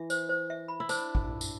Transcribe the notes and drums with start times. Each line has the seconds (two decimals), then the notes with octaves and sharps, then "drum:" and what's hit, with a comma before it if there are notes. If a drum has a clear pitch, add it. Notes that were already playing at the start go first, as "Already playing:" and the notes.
Already playing: E3 E5
0.10 C5, drum: tambourine
0.29 C5
0.50 E5
0.68 B5
0.80 E4
0.89 D4 C5, drum: tambourine
1.15 drum: kick
1.41 drum: tambourine